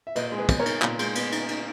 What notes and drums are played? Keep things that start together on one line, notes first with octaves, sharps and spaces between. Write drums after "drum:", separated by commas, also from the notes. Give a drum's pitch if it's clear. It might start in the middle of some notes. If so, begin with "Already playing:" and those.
E5
A#2 B4 D#5, drum: cymbal
G#3
G#4 B4
B3, drum: kick, cymbal
A#4 C#5
D#4, drum: cymbal
A#2, drum: clap
G#3, drum: cymbal
B3, drum: cymbal
D#4, drum: cymbal
drum: cymbal